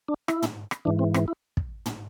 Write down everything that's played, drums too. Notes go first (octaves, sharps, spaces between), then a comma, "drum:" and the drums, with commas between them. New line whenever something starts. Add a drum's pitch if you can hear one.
D4
E4, drum: rim click
drum: tom
drum: rim click
G#2 E3 D4
C4
C4, drum: rim click
E4
drum: kick
drum: tom